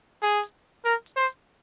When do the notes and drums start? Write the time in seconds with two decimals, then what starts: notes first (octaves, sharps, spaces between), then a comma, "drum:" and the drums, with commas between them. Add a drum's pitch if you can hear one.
0.22 G#4, drum: hi-hat
0.43 drum: hi-hat
0.85 A#4, drum: hi-hat
1.06 drum: hi-hat
1.16 C5
1.27 drum: hi-hat